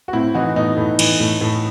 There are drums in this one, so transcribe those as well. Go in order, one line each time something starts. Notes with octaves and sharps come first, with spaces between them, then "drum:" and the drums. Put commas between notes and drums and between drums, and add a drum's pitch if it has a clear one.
F#4
A2 C4 E4
E3 D#4 F#4
A2 B3 D#4
A2
E3, drum: cymbal
A2
A2